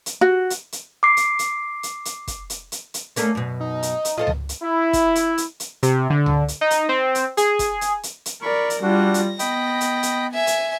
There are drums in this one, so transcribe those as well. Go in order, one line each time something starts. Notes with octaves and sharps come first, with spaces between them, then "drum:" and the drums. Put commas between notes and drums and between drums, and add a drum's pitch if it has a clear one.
drum: hi-hat
F#4
drum: hi-hat
drum: hi-hat
D6 C7
drum: hi-hat
drum: hi-hat
drum: hi-hat
drum: hi-hat
drum: kick, hi-hat
drum: hi-hat
drum: hi-hat
drum: hi-hat
A3 A#3 C#4, drum: hi-hat
F#2 B2
D#4
drum: hi-hat
drum: hi-hat
F4 A4 C5 D#5
drum: tom C#2
drum: hi-hat
E4
drum: kick, hi-hat
drum: hi-hat
drum: hi-hat
drum: hi-hat
C3, drum: hi-hat
D3
drum: tom C#2
drum: hi-hat
D#4
drum: hi-hat
C4
drum: hi-hat
G#4, drum: hi-hat
drum: kick, hi-hat
drum: hi-hat
drum: hi-hat
drum: hi-hat
A#4 D5 B5 C#6
drum: hi-hat
G3 D4 F4 F#4 A#6
drum: hi-hat
B3 D#5 G5 B5, drum: hi-hat
drum: hi-hat
drum: hi-hat
E5 G#5
drum: hi-hat